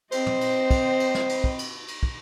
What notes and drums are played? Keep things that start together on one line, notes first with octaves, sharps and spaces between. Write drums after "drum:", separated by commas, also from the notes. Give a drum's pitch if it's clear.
C4 C5 D#5, drum: cymbal
drum: tom
drum: cymbal
drum: kick, cymbal
drum: cymbal
drum: snare
drum: cymbal
drum: kick
drum: cymbal
drum: cymbal
drum: kick